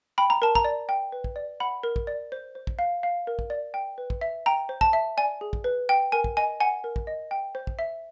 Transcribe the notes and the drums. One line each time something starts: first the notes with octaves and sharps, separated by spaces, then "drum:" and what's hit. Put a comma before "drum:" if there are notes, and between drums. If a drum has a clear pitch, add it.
G5 B5
A#5
A#4 A5
A#5, drum: kick
D5
G5
B4
drum: kick
D5
F#5 B5
A#4
drum: kick
D5
C5
C5
drum: kick
F5
F5
A#4
drum: kick
D5
G5
B4
drum: kick
E5
G5 A#5
C5
A5, drum: kick
E5
D5 G#5
G#4
drum: kick
B4
G5
A#4 G#5
drum: kick
D#5 G#5
F#5 G#5
A#4
drum: kick
D#5
G5
C5
drum: kick
E5